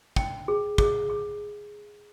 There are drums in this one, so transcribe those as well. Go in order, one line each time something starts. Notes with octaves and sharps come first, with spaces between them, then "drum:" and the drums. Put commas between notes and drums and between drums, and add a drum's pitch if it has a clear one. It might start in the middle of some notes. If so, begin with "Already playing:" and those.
G5, drum: kick
G#4
G#4, drum: kick
G#4